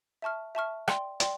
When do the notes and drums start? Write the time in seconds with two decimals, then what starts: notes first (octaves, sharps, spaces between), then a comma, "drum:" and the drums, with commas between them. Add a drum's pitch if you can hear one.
0.22 E5 A5 C#6 F6
0.55 E5 A5 C#6 F6
0.88 D5 G5 C6, drum: rim click
1.20 D5 G5 C6, drum: hi-hat